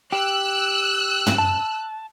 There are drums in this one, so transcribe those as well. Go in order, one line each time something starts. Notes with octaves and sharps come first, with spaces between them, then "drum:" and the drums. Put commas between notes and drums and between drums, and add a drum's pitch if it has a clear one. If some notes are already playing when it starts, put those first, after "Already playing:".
G4 E6 F#6
drum: tom
A5